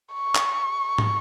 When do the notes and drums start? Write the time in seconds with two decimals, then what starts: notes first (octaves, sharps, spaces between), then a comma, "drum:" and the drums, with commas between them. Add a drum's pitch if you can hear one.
0.14 C#6
0.35 drum: clap
0.98 drum: tom